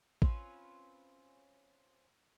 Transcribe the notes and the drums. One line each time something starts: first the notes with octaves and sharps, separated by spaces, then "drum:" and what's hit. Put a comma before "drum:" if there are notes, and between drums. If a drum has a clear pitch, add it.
C4 C#4 F4 B4, drum: kick